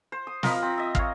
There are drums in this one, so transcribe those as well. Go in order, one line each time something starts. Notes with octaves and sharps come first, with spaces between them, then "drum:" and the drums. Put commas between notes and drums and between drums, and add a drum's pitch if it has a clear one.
C5
D#6
F3 A#4 D#5 B5, drum: snare
C4
D#5 E5
C#5 F5, drum: kick